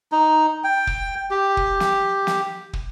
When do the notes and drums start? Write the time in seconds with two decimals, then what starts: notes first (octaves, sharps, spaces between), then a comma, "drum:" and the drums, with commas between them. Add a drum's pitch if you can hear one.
0.12 D#4
0.64 G5
0.87 drum: kick
1.31 G4
1.57 drum: kick
1.80 drum: snare
2.27 drum: snare
2.73 drum: kick